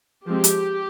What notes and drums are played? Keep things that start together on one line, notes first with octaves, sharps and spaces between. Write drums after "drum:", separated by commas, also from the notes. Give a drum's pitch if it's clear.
F3 G#3 C4 G4
drum: hi-hat